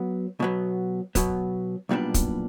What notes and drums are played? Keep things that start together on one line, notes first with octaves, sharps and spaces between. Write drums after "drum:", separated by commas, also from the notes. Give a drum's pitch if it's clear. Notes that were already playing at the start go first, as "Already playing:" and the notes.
Already playing: F#3 B3
B2 F#3 B3
B2 F#3 B3, drum: kick, hi-hat
B1 A#2 G3 B3 D4
drum: kick, hi-hat